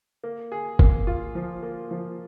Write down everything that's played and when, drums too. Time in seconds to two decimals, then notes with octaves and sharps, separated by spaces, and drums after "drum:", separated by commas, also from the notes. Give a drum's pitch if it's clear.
0.24 A#3
0.52 G#4
0.79 A#3, drum: kick
1.07 F4
1.35 F3
1.63 A#3
1.91 F3